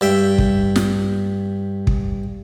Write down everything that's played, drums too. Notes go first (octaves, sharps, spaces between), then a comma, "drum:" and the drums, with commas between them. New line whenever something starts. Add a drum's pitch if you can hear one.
G2 E5 G5
drum: kick
drum: snare
drum: kick